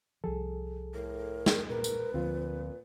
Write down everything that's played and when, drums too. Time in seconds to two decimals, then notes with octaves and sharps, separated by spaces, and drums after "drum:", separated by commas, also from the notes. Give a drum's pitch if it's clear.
0.24 C2 F3 G#4 A4
0.94 A2 A#4
1.46 drum: snare
1.70 A#2 A#4 B4
1.84 drum: tambourine
2.14 D2 A#2 F3 C4 F4